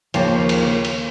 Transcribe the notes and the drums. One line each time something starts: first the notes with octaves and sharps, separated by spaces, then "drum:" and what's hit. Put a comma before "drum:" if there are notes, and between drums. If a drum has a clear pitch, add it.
D#2 C#3 F3 A#3, drum: cymbal
drum: cymbal
drum: cymbal